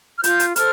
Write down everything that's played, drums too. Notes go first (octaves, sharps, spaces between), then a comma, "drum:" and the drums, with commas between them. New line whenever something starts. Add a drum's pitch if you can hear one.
F6
F4 G6, drum: hi-hat
drum: hi-hat
A4 C5 F6, drum: hi-hat